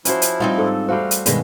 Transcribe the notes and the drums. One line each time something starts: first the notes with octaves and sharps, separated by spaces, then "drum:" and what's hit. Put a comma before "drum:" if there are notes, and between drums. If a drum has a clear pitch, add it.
F3 C#4 E4 F#4 C5, drum: hi-hat
drum: hi-hat
G3 C4 D#4 F4
G#2 A4
E2 G3 A3 F#4 C5 F5
drum: hi-hat
G2 B2 D#3 G#3 B3, drum: hi-hat